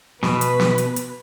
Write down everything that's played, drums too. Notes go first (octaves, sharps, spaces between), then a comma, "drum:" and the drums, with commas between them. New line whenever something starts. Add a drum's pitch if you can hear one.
B2 B4, drum: snare
drum: hi-hat
drum: snare
drum: hi-hat
drum: hi-hat